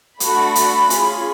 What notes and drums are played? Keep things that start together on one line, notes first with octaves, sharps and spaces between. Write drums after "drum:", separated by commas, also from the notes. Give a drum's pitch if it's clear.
A3 D4 F#4 A4 B5, drum: hi-hat
drum: hi-hat
C#4 F4 G#4, drum: hi-hat